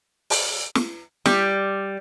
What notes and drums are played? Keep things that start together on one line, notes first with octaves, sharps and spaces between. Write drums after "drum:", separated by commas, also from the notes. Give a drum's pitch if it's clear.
drum: open hi-hat
drum: snare
G3, drum: snare